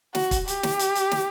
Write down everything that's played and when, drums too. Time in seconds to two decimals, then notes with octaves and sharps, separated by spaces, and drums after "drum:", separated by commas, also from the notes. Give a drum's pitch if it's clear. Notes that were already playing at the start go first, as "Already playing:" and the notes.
0.15 F#4, drum: snare
0.31 drum: kick, hi-hat
0.48 G4, drum: hi-hat
0.63 drum: snare
0.79 drum: hi-hat
0.95 drum: hi-hat
1.11 drum: snare